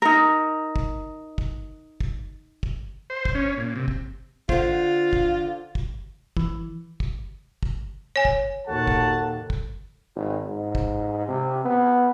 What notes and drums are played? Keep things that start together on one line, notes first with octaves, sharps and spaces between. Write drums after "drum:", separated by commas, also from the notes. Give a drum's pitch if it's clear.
D#4 A#4
drum: kick
drum: kick
drum: kick
drum: kick
C5
drum: kick
C#4
A#2
C3
drum: kick
D3 F4 C5, drum: kick
drum: kick
drum: kick
E3, drum: kick
drum: kick
drum: kick
C#5 G#5
drum: kick
D#2 A#2 F#4 A4 F#5 A5
drum: kick
drum: kick
G#1
G#2
drum: kick
C3
B3